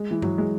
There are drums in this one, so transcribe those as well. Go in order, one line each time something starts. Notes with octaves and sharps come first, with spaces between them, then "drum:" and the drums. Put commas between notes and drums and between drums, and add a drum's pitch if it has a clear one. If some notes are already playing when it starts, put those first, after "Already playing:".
Already playing: G#3
E3
F#3, drum: tom G2
G#3